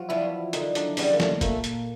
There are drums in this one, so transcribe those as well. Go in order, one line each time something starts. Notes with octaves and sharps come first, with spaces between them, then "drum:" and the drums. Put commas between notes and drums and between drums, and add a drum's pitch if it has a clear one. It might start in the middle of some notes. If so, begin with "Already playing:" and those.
Already playing: F3 F#3 F4 F#4
E3 G3 B3 D4 E4
D3 D#3 D#4, drum: hi-hat
D3 D4, drum: hi-hat
C#3 G3 B3 C#4 D4, drum: open hi-hat
A#3
A2 A3, drum: snare
A#2 A3 A#3, drum: kick, hi-hat
drum: hi-hat